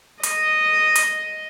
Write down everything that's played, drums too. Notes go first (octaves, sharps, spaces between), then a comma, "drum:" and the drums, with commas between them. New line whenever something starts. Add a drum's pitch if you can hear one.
D#5, drum: hi-hat
drum: hi-hat